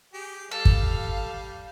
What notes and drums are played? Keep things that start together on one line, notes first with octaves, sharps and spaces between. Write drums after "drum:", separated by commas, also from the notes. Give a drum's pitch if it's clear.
G4 G#4
G3 A4 F5
drum: kick